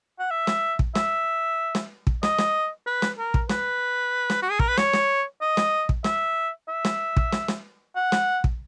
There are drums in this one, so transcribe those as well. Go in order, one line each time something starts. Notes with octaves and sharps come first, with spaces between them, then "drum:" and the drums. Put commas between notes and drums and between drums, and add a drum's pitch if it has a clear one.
F#5
E5
drum: snare
drum: kick
E5, drum: snare
drum: snare
drum: kick
D#5, drum: snare
drum: snare
B4
drum: snare
A#4
drum: kick
B4, drum: snare
drum: snare
F#4
G#4
A#4, drum: kick
B4
C#5, drum: snare
drum: snare
D#5
drum: snare
drum: kick
E5, drum: snare
E5
drum: snare
drum: kick
drum: snare
drum: snare
F#5
drum: snare
drum: kick